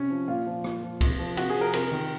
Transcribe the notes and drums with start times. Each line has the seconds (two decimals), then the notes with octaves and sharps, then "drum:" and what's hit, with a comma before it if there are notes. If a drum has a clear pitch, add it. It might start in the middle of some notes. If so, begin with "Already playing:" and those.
Already playing: C3 C#4
0.10 F3
0.28 A#2 F4
0.47 F3
0.64 A#2, drum: rim click
0.83 F3
1.01 C3, drum: kick C#2, cymbal
1.19 F3
1.37 C3 F#4, drum: cymbal
1.50 G#4
1.56 F3
1.61 A#4
1.73 C3 A#4, drum: cymbal
1.91 D#3